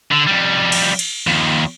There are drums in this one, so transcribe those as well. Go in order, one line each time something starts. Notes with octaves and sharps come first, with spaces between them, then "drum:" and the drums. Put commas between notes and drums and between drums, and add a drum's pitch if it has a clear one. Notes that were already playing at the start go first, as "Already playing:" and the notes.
D3
F2 G3
drum: cymbal
drum: cymbal
D#2 F3